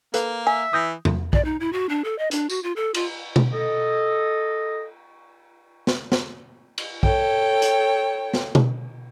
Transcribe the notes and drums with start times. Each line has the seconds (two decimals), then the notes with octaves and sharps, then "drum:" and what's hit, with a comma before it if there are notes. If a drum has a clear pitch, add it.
0.14 A#3 A4 B4 F5, drum: hi-hat
0.47 E5 G#5
0.73 E3 D#6 G6 A#6
1.05 drum: tom
1.33 D5, drum: kick
1.45 D#4
1.60 E4
1.73 F#4
1.89 D4
2.04 A4
2.19 D#5
2.31 D4, drum: hi-hat
2.49 F#4, drum: tambourine
2.63 F4
2.76 A4
2.94 F4, drum: cymbal
3.36 drum: tom B2
3.54 A4 D#5
5.87 drum: snare
6.12 drum: snare
6.78 drum: cymbal
7.03 A4 C#5 G5, drum: kick
7.62 drum: hi-hat
8.34 drum: snare
8.55 drum: tom B2